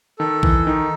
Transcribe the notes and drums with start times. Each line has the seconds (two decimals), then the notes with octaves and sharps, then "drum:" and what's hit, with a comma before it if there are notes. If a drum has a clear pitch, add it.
0.19 D#3 A4
0.43 E3, drum: kick A#1
0.66 D#3 D#4